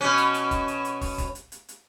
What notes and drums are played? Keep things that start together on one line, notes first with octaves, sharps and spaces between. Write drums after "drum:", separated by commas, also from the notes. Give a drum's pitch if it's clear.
B2 C#4
drum: hi-hat
drum: hi-hat
drum: kick, hi-hat
drum: hi-hat
drum: hi-hat
drum: kick, open hi-hat
drum: kick, hi-hat
drum: hi-hat
drum: hi-hat
drum: hi-hat